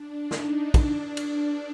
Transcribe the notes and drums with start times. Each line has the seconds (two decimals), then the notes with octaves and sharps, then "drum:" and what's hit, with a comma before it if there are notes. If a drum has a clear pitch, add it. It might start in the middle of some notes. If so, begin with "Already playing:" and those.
Already playing: D4
0.31 D#4, drum: snare
0.74 D4, drum: kick, cymbal
1.17 drum: cymbal